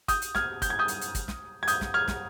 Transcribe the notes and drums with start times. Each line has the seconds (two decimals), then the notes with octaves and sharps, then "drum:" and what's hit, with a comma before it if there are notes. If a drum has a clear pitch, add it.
0.08 D#6 G6, drum: kick, hi-hat
0.22 drum: hi-hat
0.35 F6 G#6, drum: snare
0.62 G6, drum: kick, hi-hat
0.70 G#6
0.79 D#6 G6
0.88 drum: hi-hat
1.01 drum: hi-hat
1.15 drum: kick, hi-hat
1.28 drum: snare
1.63 G#6
1.68 D#6 G6, drum: hi-hat
1.81 drum: snare
1.94 F6 G#6
2.08 drum: snare